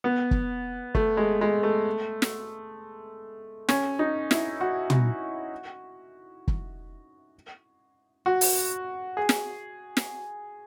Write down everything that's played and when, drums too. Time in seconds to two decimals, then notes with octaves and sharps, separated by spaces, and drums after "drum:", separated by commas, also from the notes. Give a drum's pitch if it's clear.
0.04 B3
0.31 drum: kick
0.95 A3, drum: kick
1.17 G#3
1.41 G#3
1.63 A3
2.22 drum: snare
3.69 C#4, drum: snare
3.99 D#4
4.31 E4, drum: snare
4.61 F#4
4.90 drum: tom
6.48 drum: kick
8.26 F#4
8.41 drum: open hi-hat
9.17 G#4
9.29 drum: snare
9.97 drum: snare